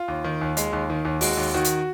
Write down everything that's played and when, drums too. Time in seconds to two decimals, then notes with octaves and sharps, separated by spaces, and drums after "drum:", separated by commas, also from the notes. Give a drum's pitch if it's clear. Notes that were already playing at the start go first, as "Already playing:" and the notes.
Already playing: F4
0.08 D#2
0.24 D#3
0.41 D#2
0.57 G#3, drum: hi-hat
0.73 D#2
0.90 D#3
1.05 D#2
1.21 G#3 F#4, drum: open hi-hat
1.37 D#2
1.54 D#3 F#4
1.65 drum: hi-hat